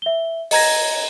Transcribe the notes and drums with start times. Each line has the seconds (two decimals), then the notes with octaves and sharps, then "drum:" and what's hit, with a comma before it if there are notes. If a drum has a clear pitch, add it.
0.02 E5 G7
0.51 D#5 A#5 G#6 A#6, drum: open hi-hat